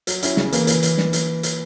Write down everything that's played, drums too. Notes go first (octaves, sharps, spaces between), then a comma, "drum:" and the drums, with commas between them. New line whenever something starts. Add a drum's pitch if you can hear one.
F#3, drum: hi-hat
C#4 E4, drum: hi-hat
C#3, drum: snare
E3 A#3, drum: hi-hat
E3, drum: hi-hat
drum: hi-hat
drum: snare
drum: hi-hat
drum: hi-hat